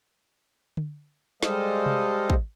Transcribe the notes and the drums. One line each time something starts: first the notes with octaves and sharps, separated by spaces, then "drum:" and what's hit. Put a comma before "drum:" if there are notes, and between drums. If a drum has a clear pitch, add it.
drum: tom D3
G3 G#3 A4 C5 D#5 F5, drum: snare
drum: tom C3
drum: kick